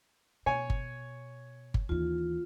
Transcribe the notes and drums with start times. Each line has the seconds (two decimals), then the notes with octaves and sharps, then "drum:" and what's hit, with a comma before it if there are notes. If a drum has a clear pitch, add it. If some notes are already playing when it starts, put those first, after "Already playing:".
0.46 B2 C#5 G#5
0.70 drum: kick G1
1.74 drum: kick G1
1.89 D#2 E3 F4